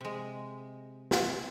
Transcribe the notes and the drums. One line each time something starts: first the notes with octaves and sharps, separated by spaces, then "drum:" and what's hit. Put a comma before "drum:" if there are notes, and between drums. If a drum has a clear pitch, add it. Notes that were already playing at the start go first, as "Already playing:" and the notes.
C3 G#3
drum: snare